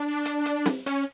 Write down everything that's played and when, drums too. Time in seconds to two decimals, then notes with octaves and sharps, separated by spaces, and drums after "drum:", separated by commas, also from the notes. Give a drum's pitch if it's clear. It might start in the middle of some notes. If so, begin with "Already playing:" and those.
Already playing: D4
0.25 drum: hi-hat
0.45 drum: hi-hat
0.66 drum: snare C4
0.86 C#4, drum: hi-hat